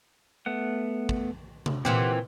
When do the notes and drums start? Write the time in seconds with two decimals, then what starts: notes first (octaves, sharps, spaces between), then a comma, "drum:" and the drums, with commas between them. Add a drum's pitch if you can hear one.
0.46 A3 B3 F#5
1.09 drum: kick
1.66 drum: tom C3
1.85 A#2 E3 C4 G4 F#5